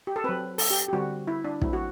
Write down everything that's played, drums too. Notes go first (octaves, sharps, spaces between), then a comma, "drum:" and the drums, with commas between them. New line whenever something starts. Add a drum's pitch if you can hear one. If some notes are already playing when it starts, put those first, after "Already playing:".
G4
A4
F#3 C4 B4
A4, drum: open hi-hat
G4
G4
D3 G3 C4 F#4
E4
D4
F#3 A3 C4 E4, drum: kick
F#4